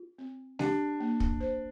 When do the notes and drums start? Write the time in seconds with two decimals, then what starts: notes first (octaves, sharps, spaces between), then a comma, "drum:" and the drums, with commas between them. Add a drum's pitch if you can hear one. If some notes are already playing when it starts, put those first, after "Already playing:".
Already playing: F4
0.18 C4
0.59 D4 G4, drum: snare G#3
1.00 A#3
1.20 drum: kick
1.40 C5